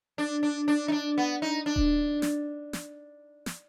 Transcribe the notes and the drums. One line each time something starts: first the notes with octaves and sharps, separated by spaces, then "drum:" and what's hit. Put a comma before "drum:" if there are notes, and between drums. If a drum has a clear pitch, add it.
D4
D4
D4
D#4
D4
B3
D#4
D4
drum: kick D#1
drum: snare
drum: snare
drum: snare